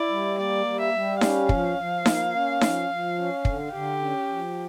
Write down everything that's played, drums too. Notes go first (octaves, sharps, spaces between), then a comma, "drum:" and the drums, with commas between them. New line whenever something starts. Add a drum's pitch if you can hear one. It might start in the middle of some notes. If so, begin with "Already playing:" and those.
Already playing: E4 D5
G3
A#3 D5
G3
E5
G3
C#4 F5, drum: snare D#4
F3, drum: kick
F3
A#3, drum: snare D#4
C#4
F3, drum: snare D#4
F3
C#4
D3, drum: kick
D3 G4
C#4
F3